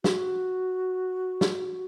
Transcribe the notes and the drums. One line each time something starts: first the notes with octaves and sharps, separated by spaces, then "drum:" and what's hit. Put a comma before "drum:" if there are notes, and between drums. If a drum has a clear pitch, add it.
F#4, drum: snare
drum: snare